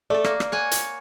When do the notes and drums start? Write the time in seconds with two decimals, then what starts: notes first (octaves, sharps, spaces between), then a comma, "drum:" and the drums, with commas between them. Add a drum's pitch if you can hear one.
0.10 A3 A4 D5
0.24 A#3, drum: rim click
0.40 drum: rim click
0.52 C#5 F#5 G#5
0.71 drum: hi-hat